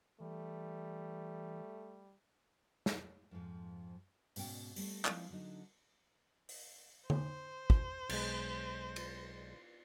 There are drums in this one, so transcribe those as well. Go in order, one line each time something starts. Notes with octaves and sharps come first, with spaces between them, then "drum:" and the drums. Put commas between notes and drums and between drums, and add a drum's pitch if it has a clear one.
E3 G3 A3
drum: snare
F2 G#2 F3
G#2 B2 C#4 G5, drum: open hi-hat
G3 A3, drum: open hi-hat
F3 G#3 A#3 C4 E4 F4, drum: clap
D3 F#3 D4 D#4
drum: open hi-hat
C5, drum: tom D3
drum: kick
B1 G#3, drum: cymbal
drum: cymbal